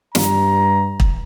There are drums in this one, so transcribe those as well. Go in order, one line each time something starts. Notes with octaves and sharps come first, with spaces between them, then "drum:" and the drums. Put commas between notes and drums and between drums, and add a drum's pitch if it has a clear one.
G2 A#5, drum: snare
drum: kick